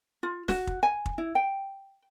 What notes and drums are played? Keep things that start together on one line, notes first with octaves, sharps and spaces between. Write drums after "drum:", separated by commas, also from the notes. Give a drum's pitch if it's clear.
F4
F#4, drum: snare
drum: kick
G#5
drum: kick
E4
G5